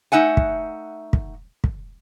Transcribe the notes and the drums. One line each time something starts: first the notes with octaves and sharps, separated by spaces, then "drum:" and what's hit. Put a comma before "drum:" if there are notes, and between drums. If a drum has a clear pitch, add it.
A3 D#4 E5 F#5 G#5
drum: kick
drum: kick
drum: kick